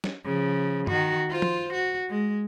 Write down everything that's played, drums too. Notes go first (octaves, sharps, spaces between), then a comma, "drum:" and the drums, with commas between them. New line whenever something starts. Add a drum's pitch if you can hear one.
drum: snare
C#3 F3
D#3 F#4, drum: tom G2
F4 C5
drum: tom
F#4
G#3